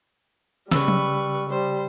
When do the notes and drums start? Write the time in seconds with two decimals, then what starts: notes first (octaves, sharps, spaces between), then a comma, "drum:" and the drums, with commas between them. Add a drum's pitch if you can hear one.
0.71 C#3 G3 B4 C#6 E6, drum: snare
0.88 drum: tom F#3
1.50 G3 C5